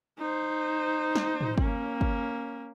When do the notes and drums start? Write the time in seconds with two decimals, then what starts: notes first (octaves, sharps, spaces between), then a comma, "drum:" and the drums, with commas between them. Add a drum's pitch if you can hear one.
0.18 D#4 C5
1.15 drum: snare
1.41 drum: tom
1.58 A#3 C#4, drum: kick
2.01 drum: kick